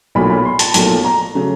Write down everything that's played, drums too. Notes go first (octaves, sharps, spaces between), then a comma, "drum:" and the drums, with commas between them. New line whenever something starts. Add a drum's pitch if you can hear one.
B1 A#2 F#3 A3 B5
B5
C6
A5, drum: hi-hat
B1 A#2 F#3 A3 A5, drum: hi-hat
A#5
C#3 F#3 A3